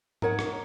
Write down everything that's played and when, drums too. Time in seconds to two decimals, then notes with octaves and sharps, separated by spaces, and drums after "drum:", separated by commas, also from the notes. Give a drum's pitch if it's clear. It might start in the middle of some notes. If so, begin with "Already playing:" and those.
0.22 D#4 A#4 C#5 F#5, drum: tom G#2
0.39 drum: rim click